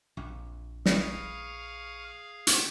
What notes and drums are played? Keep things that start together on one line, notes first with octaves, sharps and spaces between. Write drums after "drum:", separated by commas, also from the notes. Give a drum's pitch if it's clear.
A#1 F2
E4 G#4 B4 F5 C#6 D#6 F6, drum: snare
drum: hi-hat